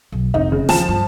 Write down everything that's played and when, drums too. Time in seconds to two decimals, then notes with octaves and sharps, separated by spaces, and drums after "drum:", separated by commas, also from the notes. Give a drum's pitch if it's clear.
0.12 B1
0.34 F1 D#4
0.52 C#3
0.69 E2 F3 A5 E7, drum: snare
0.88 G2